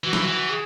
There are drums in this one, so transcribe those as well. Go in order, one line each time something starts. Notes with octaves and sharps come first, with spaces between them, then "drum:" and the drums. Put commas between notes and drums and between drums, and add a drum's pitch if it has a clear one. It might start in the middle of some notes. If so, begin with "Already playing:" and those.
E3 F#4
E4, drum: snare
F#4
E3
G#4